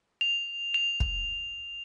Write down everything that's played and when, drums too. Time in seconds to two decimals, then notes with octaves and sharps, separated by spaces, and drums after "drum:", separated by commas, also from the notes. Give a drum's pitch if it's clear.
0.21 F7
0.74 F7
1.00 drum: kick